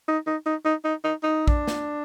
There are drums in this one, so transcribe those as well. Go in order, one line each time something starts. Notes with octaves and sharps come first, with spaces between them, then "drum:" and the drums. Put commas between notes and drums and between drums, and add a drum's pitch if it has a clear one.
D#4
D#4
D#4
D#4
D#4
D#4
D#4
D4, drum: kick A#1
drum: snare